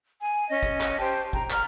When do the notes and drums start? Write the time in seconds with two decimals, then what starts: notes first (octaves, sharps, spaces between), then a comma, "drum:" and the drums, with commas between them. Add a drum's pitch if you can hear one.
0.21 G#5
0.49 C#4 D#5
0.63 drum: kick
0.80 drum: clap
0.98 G4 C5 G5 A5
1.33 G5 A#5, drum: kick
1.50 A#5 F6, drum: clap